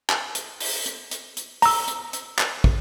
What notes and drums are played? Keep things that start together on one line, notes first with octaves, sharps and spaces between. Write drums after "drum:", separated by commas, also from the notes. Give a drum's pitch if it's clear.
drum: clap
drum: hi-hat
drum: open hi-hat
drum: hi-hat
drum: hi-hat
drum: hi-hat
A#5 E6, drum: open hi-hat
drum: hi-hat
drum: hi-hat
drum: clap
drum: kick